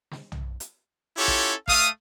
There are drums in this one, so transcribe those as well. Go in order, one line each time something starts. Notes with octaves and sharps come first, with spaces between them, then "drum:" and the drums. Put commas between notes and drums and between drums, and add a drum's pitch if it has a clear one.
drum: snare
drum: tom B1
drum: hi-hat
C#4 E4 F4 G4 A4 C#5
drum: kick A1
A3 F5 D#6, drum: kick A1